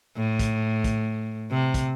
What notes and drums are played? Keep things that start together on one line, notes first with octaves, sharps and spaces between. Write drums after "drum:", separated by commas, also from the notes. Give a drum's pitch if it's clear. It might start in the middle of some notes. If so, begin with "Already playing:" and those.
A2
drum: kick, hi-hat
drum: kick, hi-hat
C3
drum: kick, hi-hat